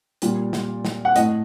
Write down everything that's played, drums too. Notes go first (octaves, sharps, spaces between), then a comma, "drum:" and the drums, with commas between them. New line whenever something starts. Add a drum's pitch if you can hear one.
A#2 G3, drum: hi-hat
drum: snare
drum: snare
F#5
A2 A3 D#5, drum: hi-hat